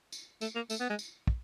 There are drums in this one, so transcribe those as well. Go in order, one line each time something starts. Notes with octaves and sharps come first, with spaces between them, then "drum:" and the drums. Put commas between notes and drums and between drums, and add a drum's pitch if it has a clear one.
drum: tambourine
A3, drum: tambourine
A#3
A3, drum: tambourine
B3
G#3
drum: tambourine
drum: kick